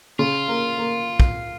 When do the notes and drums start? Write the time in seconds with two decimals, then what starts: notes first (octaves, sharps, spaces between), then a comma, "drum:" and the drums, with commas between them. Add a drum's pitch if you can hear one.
0.19 C#3 F4
0.48 A#3
0.78 A#3
1.20 drum: kick